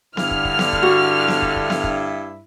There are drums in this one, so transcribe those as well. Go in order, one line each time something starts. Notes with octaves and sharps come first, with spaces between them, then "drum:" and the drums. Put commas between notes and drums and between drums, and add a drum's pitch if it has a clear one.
G2 D3 E4 F6, drum: snare B3
drum: kick
drum: kick
drum: snare B3
drum: kick
F#4
drum: snare B3
drum: kick
drum: kick
drum: snare B3
drum: kick